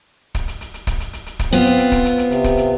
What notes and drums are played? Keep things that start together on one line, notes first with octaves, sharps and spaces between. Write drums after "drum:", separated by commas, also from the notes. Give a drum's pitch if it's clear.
drum: kick, hi-hat
drum: hi-hat
drum: hi-hat
drum: hi-hat
drum: kick, hi-hat
drum: hi-hat
drum: hi-hat
drum: hi-hat
drum: kick, hi-hat
B3 C4 F4, drum: hi-hat
drum: hi-hat
drum: hi-hat
drum: kick, hi-hat
drum: hi-hat
drum: hi-hat
C3, drum: hi-hat
drum: kick, hi-hat
drum: hi-hat